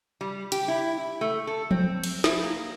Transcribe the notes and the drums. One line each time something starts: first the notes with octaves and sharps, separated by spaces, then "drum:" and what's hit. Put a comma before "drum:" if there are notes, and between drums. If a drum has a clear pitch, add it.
G3
G4, drum: hi-hat
E4
E4
A3
A4
C4, drum: tom F3
drum: cymbal
E4, drum: snare
A#3